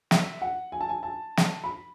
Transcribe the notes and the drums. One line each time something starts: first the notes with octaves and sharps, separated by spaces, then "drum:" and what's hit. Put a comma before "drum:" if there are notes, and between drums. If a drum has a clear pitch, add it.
E5, drum: snare
F#5
G#5
A5
G#5
A5
drum: snare
B5